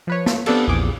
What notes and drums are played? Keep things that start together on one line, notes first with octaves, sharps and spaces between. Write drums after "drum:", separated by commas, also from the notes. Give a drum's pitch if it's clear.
F3 B4 C#5
A3, drum: snare
B3 C4 D4 G4 A4 F5, drum: cymbal
A#1 E2 G#4 D6